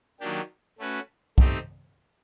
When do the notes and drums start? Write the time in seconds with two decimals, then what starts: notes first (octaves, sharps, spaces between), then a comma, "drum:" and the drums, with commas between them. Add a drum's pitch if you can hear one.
0.20 D#3 F#3 A#3 D4 G4
0.79 A3 C#4 F#4 B4
1.38 A3 C4 D#4 G4, drum: kick